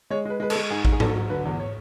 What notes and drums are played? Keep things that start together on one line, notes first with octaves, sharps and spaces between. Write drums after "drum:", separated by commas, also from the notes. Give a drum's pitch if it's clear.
G#3 C#5
G#3 B4
G#3 B4
A4, drum: cymbal
G#3
G#2 G#4
G#2, drum: kick A1
G#4
F#3 A4, drum: tom G#2
F#3
D3 B4
E2
C#5